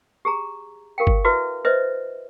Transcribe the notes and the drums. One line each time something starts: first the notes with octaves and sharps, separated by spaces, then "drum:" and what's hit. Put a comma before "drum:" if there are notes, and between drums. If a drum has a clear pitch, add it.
G4 G#4 A#5
G4 A#4 F5 G5
drum: kick
E4 F#4 B4 E5
B4 C5 D#5 E5